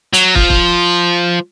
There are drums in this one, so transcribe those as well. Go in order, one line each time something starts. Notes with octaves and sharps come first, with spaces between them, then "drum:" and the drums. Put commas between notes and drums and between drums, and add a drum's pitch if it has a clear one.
F#3, drum: hi-hat
F3, drum: kick
drum: kick